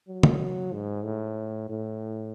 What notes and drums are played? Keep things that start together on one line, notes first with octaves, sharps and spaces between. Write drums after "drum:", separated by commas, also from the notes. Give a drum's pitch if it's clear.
F#3
drum: tom
G#2
A2
A2